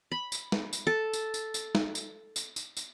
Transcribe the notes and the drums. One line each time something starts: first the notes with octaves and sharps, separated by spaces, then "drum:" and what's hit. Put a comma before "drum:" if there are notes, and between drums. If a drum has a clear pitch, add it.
B5
drum: tambourine
drum: snare
drum: tambourine
A4
drum: tambourine
drum: tambourine
drum: tambourine
drum: snare
drum: tambourine
drum: tambourine
drum: tambourine
drum: tambourine